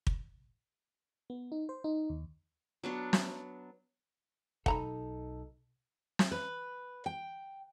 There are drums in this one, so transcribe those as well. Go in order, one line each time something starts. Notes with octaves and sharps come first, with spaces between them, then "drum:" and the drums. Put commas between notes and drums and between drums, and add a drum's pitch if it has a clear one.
drum: kick
B3
D#4
C5
D#4
D#2
F#3 B3 D4
drum: snare
B1 D#4 A4 F#5 A#5 B5, drum: kick
drum: snare
B4
G5